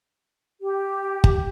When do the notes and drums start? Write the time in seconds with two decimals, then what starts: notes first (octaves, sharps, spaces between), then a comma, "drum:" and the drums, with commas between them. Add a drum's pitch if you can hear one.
0.61 G4
1.24 drum: kick